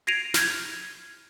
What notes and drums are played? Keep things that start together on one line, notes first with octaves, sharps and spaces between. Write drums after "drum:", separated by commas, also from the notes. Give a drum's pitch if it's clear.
G#6 A#6 C7 D7 D#7 F7
F6 G6 G#6, drum: snare